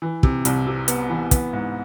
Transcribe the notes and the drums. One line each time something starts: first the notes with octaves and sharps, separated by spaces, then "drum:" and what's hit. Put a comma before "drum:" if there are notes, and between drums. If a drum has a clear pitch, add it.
E3
C3, drum: kick
C2, drum: hi-hat
C3
B3, drum: hi-hat
E3
B3, drum: kick, hi-hat
G#2